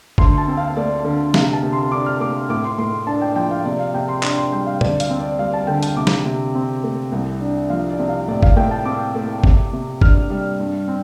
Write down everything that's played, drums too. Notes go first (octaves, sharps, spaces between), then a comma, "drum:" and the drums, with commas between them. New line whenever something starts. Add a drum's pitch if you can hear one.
D2 C6, drum: kick G1
A5
C4
F5
A3 D5
D3
C3 F5, drum: snare
A5
C3
C6
D4 D6
F6
A3 D6
A2 D6
C6
A2 C6
D4 A5
G5
F3 G5
F5
C3 D5
F5
C3 G5
C6
D4, drum: clap
C6
G3 G5
F5
D2 D5, drum: tom A#2
F5, drum: hi-hat
C4
D5
G3 F5
A5
D3 G5
A5, drum: hi-hat
C3 D6
drum: snare
C3
C4
A3
C2
D4
F3 F5
D5
C3
F5
A2 D5
F5, drum: kick G1
A2 G5
A5
C4 D6
A3
C3, drum: kick G1
C3
D4 F6, drum: kick G1
G3
G2
C4